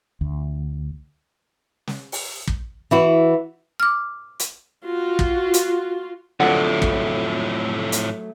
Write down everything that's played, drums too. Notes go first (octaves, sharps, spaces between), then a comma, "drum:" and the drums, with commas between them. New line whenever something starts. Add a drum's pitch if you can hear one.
D2
drum: snare
drum: open hi-hat
drum: kick
E3 E4 F#4
D6 F6
drum: hi-hat
F4 F#4
drum: kick
drum: hi-hat
F2 A2 D3 F3 F#3 A3 F#5
drum: kick
drum: hi-hat